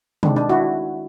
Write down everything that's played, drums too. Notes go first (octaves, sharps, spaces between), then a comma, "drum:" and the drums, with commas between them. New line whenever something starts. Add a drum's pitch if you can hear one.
D#3 G#3 C4 D4, drum: tom
D4
E4 F#4